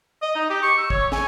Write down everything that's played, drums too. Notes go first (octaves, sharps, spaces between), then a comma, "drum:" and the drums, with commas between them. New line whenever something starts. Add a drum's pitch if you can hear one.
D#5
D#4
G4
C#6
E6
C#5, drum: kick
G#5, drum: snare